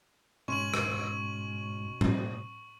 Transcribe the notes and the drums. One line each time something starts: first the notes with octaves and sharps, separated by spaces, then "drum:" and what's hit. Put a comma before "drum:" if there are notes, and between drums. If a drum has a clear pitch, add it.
G#2 B2 C#4 C6 C#6 D#7 F#7
drum: rim click
drum: tom